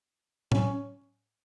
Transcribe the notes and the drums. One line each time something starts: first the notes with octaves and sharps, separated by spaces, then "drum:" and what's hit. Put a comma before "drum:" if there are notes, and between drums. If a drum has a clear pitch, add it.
C#4, drum: tom A2